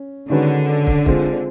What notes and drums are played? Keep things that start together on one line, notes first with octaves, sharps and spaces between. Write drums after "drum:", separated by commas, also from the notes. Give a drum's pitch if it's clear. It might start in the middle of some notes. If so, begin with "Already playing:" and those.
Already playing: C#4
D3 D#3 G#3 C#4 F#4 B4
drum: kick
G#3 C4 F4, drum: kick